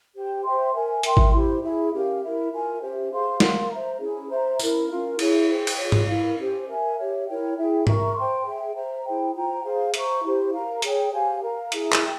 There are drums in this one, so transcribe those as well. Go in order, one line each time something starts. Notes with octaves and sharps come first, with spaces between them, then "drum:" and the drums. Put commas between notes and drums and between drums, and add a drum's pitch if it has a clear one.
G4 C5 G5
C5 E5 G5 C6
A#4 E5 G#5
A#4 E5 G5 C6, drum: hi-hat
drum: kick G#1
E4 G4 C5
E4 G#4 E5
C#4 G4 A#4 F5
E4 A#4 E5
F4 A#4 E5 G#5
C#4 G4 C5 E5
G#4 C5 F5 C6
A#4 F5 C6, drum: snare
C5 E5 A#5
C#4 E4 G#4
C5 E5 A#5
C#4 E4 A#4, drum: tambourine
C#4 F4 A#4 F5
E4 G#4 C#5 E5, drum: cymbal
G#4 C5 G5
drum: cymbal
F4 G#4 C#5
drum: tom G#2
E4 A#4 F5
C#4 G4 C5
A#4 E5 G#5
G4 C#5 E5
E4 A#4 C#5 G5
E4 G#4 E5 G5
A#4 E5 A#5 C#6, drum: tom G#2
C5 G5 C6
G#4 E5 G5
C5 E5 A#5
E4 G#4 C5 G5
F4 C5 G5 A#5
G#4 C5 F5
C5 E5 A#5 C#6, drum: hi-hat
E4 G4 C5
A#4 F5 A#5
G#4 C#5 G5, drum: hi-hat
G4 C5 F5 G#5
A#4 F5 A#5
E4 G#4 E5 A#5, drum: hi-hat
drum: clap
E5 G5